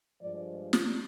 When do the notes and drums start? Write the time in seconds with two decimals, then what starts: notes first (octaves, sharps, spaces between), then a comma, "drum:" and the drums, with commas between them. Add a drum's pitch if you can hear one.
0.21 G2 F3 G#3 D5
0.73 drum: snare